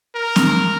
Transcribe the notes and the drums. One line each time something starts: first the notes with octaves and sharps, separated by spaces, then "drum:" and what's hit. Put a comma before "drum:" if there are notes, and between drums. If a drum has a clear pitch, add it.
A#4
drum: snare C4